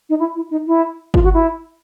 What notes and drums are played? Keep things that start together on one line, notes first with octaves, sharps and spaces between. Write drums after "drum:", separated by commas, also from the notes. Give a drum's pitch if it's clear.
D#4
E4
E4
D#4
E4
F4, drum: kick G1
F#4
E4